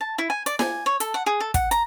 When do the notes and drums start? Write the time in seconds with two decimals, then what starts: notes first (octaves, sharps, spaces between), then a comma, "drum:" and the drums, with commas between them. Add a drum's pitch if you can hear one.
0.01 A5
0.18 E4
0.30 G#5
0.46 D5, drum: hi-hat
0.59 G#5, drum: snare
0.86 C#5
1.00 A4, drum: hi-hat
1.14 F#5
1.26 G#4
1.40 A4
1.54 F#5, drum: kick, hi-hat
1.71 A#5, drum: hi-hat